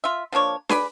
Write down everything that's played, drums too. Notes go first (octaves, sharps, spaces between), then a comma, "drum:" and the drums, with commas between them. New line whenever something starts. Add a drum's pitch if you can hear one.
F4 E5
F3 A#3 D4 C#5
G#4 B4 D5 B5, drum: snare